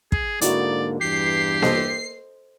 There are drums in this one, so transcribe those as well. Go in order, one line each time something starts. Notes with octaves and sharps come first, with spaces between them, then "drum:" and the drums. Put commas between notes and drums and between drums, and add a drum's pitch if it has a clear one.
G#4, drum: kick
G#2 D3 A#3 D#4 E4 F#4 D5, drum: hi-hat
E2 G2 E3 G4 C7
A4 C5 D#5, drum: snare A#3